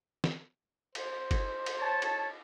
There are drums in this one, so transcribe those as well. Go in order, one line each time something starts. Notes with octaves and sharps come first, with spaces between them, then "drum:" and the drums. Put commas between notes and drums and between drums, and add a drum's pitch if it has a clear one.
drum: snare
C5, drum: cymbal
drum: kick, cymbal
drum: cymbal
C#5 A5
drum: cymbal